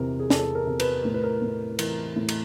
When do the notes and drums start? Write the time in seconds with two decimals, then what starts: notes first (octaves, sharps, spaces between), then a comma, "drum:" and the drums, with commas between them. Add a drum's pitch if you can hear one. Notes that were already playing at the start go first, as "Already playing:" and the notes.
Already playing: E2 C3 A#4
0.19 G#4
0.30 E2 A4, drum: snare
0.55 A#4
0.67 C3
0.80 B4, drum: cymbal
1.05 A2 A#4
1.14 B4
1.23 A#4
1.42 A2
1.79 E3 A#4, drum: cymbal
2.16 A2
2.29 drum: cymbal